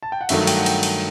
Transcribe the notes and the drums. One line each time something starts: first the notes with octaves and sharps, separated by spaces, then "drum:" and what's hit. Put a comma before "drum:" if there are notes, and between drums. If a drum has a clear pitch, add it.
A5
G5
F#5
G2 D#3 F#3 A3 E5, drum: cymbal
G5, drum: cymbal
F#5
G5, drum: cymbal
drum: cymbal